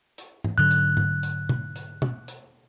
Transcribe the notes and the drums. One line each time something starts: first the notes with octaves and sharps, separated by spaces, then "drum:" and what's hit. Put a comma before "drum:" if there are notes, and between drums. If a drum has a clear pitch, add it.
drum: hi-hat
drum: tom G#2
G#2 D3 F#3 F#6
drum: hi-hat
drum: tom G#2
drum: hi-hat
drum: tom B2
drum: hi-hat
drum: tom B2
drum: hi-hat